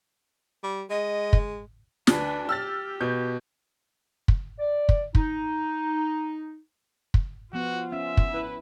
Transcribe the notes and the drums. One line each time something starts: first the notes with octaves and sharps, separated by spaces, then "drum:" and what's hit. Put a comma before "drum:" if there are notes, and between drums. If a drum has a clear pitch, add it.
G3
G#3 D#5
drum: kick
D2 D4 B4, drum: snare
G4 E6 F6 A6
B2 G6
drum: kick
D5
drum: kick
D#4, drum: kick
drum: kick
F3 B3 F4 F#4
C#4 E5
drum: kick
E4 B4